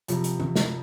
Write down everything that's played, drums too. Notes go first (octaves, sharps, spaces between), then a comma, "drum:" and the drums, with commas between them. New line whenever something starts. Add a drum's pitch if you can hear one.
F2 C3 F3, drum: hi-hat
drum: hi-hat
drum: tom
drum: snare